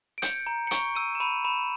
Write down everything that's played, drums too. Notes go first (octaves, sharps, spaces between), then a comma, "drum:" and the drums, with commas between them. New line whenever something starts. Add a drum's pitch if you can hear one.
D7
G6 C#7, drum: hi-hat
A#5
C#7
C#6 D7, drum: hi-hat
E6 D#7
E7
B5 D#7
B5 E7